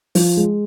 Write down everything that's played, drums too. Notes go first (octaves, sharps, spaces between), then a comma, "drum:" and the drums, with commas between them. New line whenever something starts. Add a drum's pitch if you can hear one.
F3, drum: open hi-hat
G#3